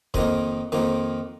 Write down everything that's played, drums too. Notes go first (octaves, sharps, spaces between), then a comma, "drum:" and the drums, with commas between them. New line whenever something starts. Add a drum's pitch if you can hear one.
F2 D#3 A#3 D#5, drum: kick D#1
F2 D#3 A#3